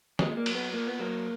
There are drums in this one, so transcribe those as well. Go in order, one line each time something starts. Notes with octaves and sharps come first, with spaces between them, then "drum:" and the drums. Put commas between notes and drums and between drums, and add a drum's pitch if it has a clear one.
A#2 G#3, drum: snare
G#3
A#3
F#3, drum: cymbal
B3
A#2 A#3
B3
F#3 A#3